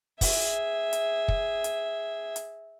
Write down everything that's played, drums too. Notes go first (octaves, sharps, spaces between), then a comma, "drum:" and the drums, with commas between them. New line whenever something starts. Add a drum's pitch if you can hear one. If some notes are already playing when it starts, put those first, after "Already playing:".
G#4 E5, drum: kick, open hi-hat
drum: hi-hat
drum: kick
drum: hi-hat
drum: hi-hat